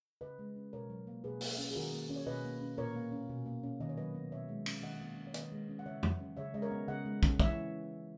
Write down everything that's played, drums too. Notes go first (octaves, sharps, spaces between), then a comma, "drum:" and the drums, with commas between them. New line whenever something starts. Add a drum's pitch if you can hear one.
C#3 B4 D#5
G#3
C#4
B2 A#4 C#5
F#3
A#3
B2 G#4 B4
A#3, drum: open hi-hat
C#4
G#4
D#3 F#4 A#4
A#3
C#4
C#5
B2 B4 D#5
A#3
C#4
A#2 A#4 C#5
A#3
C#4
B2
A#3
C#4
D#3 D#5
C#5
F#3 B4 D#5
B3
B2 C#5 E5
G#3
C#4, drum: cymbal
D#3 D#5 F#5
A#3
C#4
C#5
D#3 B4 D#5, drum: hi-hat
G#3
C#4
F#5
C#3 C#5 E5
F#3, drum: tom F2
C#4
C#3 C#5 E5
G#3 D#5
A#4 C#5
B3
C#3 D#5 F#5
G#3
C#4, drum: kick
E3 C#5 E5, drum: kick